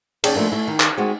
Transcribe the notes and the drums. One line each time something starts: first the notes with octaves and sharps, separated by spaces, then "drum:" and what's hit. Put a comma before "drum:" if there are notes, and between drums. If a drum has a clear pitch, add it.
D#2 C#4 G#4 D5 G5 A5, drum: cymbal
F3 A3 A#3 D4
A3 E4
D#3
drum: clap
G#3 C4 F#4